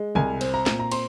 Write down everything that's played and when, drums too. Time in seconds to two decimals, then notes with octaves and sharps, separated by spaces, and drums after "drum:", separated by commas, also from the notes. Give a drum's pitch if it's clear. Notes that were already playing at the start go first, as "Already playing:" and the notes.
Already playing: G#3
0.15 C2 G#5, drum: tom
0.41 C4, drum: cymbal
0.54 A#5
0.66 A#2, drum: snare
0.79 A#5
0.91 C4 C6, drum: cymbal